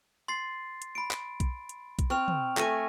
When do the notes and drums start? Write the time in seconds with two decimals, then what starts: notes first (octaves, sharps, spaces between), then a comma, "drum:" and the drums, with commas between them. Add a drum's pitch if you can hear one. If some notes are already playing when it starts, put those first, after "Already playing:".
0.28 C6 A6 C7
0.82 drum: hi-hat
0.95 B5 D7
1.11 drum: clap
1.40 drum: kick B1, hi-hat
1.69 drum: hi-hat
1.99 drum: kick B1, hi-hat
2.10 C4 C#6 F6 F7
2.28 drum: tom
2.57 A3 G#5 A#6 D#7, drum: clap